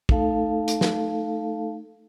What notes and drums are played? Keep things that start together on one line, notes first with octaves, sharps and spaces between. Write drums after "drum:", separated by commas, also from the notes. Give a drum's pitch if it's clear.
A3 D#4 A4 F5 A5, drum: kick
drum: hi-hat
drum: snare